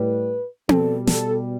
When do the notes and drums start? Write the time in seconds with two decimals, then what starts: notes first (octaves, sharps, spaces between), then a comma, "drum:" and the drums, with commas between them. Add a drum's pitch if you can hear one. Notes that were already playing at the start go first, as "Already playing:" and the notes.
Already playing: A2 G3 B4
0.69 B2 G3 A4, drum: tom C4
1.07 A4, drum: snare